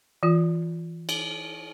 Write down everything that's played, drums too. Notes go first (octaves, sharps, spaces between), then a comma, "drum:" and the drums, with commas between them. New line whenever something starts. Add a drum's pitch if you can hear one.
E3 F4
drum: cymbal